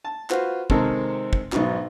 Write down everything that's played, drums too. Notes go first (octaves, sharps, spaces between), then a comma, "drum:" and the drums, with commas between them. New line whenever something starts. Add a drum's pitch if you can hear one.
A5
F4 F#4 B4 C5, drum: clap
C3 D#3 G#3 C4 A4 A#4, drum: kick
drum: kick
B1 G#2 B2, drum: clap